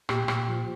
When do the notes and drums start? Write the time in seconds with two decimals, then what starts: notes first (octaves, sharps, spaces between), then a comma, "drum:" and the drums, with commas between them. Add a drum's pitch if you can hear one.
0.09 A#2 G4 G5, drum: rim click
0.28 A#2, drum: rim click
0.48 F3